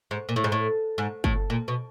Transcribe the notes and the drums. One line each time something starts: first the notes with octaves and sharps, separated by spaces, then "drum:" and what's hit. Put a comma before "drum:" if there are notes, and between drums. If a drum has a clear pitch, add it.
G#2
A#2
A2
G#2
A2
G#2
A2, drum: kick
A#2
B2